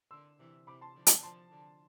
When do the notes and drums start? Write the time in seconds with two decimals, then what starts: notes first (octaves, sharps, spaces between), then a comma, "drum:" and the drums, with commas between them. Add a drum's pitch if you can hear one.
0.11 D3 C6 E6
0.39 C3 E3
0.67 C3 E3 B5 D6
0.81 A5 C6
0.95 D3 F3
1.07 drum: hi-hat
1.23 D3 F3 A5 C6
1.51 D3